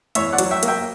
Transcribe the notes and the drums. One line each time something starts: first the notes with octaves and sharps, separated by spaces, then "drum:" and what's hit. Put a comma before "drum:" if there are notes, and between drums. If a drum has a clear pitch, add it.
E2 C#5 E5, drum: hi-hat
D5 F#5
F#3, drum: hi-hat
E5 G5
A#3, drum: hi-hat
E5 G5